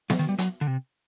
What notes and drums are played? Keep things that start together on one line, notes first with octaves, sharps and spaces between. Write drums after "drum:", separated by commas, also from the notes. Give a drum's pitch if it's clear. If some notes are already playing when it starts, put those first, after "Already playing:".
F#3, drum: snare B3
D#3
G3
F#3, drum: hi-hat
D3
C3